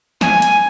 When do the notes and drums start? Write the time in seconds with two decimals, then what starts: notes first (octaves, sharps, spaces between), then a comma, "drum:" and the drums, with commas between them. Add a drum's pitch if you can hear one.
0.21 G#5, drum: snare
0.42 drum: hi-hat